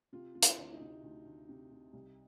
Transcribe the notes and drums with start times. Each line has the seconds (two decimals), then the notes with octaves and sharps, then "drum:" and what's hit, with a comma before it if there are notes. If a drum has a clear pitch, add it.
0.13 C3 F4
0.35 C3 F4
0.42 E4, drum: hi-hat
0.58 D2
0.73 D#4
0.80 C3
1.03 D2
1.25 D2
1.49 C3
1.71 C3
1.93 C2